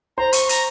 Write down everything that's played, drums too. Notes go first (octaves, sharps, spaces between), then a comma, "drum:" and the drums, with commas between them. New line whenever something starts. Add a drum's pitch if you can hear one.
C5 A#5
C#6, drum: hi-hat
A#5, drum: hi-hat